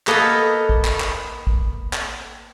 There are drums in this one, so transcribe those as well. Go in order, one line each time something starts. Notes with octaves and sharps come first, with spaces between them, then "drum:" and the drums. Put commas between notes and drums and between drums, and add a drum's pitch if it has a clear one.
A#3 B3 A4 D#5 F5, drum: clap
drum: kick A1
drum: clap
drum: clap
drum: kick A1
drum: clap